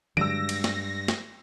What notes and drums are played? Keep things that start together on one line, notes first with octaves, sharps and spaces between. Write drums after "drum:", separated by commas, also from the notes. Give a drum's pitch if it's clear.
G2 F#3 G#3 E6 A#6 D7, drum: tom D3
drum: cymbal
drum: snare
drum: snare